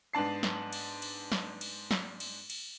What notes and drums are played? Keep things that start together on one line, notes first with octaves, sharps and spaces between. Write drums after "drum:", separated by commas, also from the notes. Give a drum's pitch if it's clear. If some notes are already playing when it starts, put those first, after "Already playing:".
G#2 B3 D4 A5 C7
drum: snare
drum: cymbal
drum: cymbal
drum: snare
drum: cymbal
drum: snare
drum: cymbal
drum: cymbal